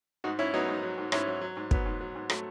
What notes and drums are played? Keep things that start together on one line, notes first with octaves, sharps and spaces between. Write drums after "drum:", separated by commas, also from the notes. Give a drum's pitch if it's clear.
G#2 D#4 F#4
G#2 C#4 E4
F#3 B3 D#4
G#2
F#3
G#2
G#2 C#4 E4, drum: rim click
F#3
F#3
G#2
F#3 B3, drum: kick
G#2
F#3
G#2
F#3 A3, drum: rim click